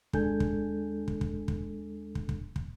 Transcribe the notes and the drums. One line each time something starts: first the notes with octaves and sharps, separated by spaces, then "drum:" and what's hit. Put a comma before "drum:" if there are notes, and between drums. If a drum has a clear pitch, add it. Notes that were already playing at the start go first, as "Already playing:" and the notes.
D#2 G#3 D4 A4 G#5 G6, drum: kick
drum: kick
drum: kick
drum: kick
drum: kick
drum: kick
drum: kick
drum: kick